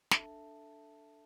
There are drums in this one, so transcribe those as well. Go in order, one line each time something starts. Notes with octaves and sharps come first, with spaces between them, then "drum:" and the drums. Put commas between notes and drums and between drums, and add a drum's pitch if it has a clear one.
D4 A4 E5 A5, drum: snare